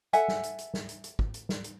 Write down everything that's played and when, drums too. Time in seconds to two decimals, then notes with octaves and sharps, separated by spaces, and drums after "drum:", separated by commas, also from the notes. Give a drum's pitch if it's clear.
0.13 A4 E5 F#5 G#5, drum: hi-hat
0.28 drum: snare
0.43 drum: hi-hat
0.59 drum: hi-hat
0.74 drum: snare
0.89 drum: hi-hat
1.04 drum: hi-hat
1.19 drum: kick
1.34 drum: hi-hat
1.49 drum: snare
1.64 drum: hi-hat